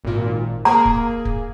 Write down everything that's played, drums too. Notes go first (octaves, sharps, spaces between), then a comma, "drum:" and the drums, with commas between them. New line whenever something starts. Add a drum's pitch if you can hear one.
G#1 A#2
A#3 G#4 A#5
drum: kick
drum: kick